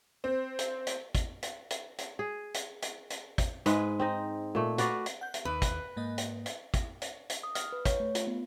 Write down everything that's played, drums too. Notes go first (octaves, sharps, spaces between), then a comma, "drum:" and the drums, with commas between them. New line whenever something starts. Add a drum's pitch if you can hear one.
C4
drum: hi-hat
drum: hi-hat
drum: kick, hi-hat
drum: hi-hat
drum: hi-hat
drum: hi-hat
G#4
drum: hi-hat
drum: hi-hat
drum: hi-hat
drum: kick, hi-hat
G#2 G#3 B4, drum: hi-hat
C4 D#4 D#5
A#2 A3
F#4 B4 D5 F5, drum: hi-hat
drum: hi-hat
F#5 G6
drum: hi-hat
D#2 D#3 B4
drum: kick, hi-hat
G#2 A#3 D#5
drum: hi-hat
drum: hi-hat
drum: kick, hi-hat
drum: hi-hat
drum: hi-hat
D#6
F6, drum: hi-hat
B4
C#5, drum: kick, hi-hat
A3
F4, drum: hi-hat
B3